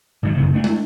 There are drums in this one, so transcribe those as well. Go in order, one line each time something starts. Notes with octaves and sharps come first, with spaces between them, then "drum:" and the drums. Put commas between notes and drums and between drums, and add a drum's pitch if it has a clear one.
G#2 D#3 F3 F#3
F#2 C#3 B3
A3 D4
drum: tom